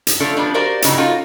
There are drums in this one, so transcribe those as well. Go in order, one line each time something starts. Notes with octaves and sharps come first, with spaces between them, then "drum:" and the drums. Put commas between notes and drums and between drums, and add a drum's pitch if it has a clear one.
drum: hi-hat
D3 F3 A3 C#4 D4 A4
F3 G3 B3 D4
F#4 G4 A#4 C5 D5 F5
A2 C#3 E3 F#3 C#4 D#4, drum: hi-hat
A#3 C#4 D#4 F4 F#4 A4